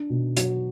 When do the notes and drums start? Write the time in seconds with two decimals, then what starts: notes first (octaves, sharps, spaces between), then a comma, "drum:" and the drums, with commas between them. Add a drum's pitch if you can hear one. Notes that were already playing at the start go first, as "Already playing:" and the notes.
Already playing: D4
0.10 B2
0.37 F#3, drum: hi-hat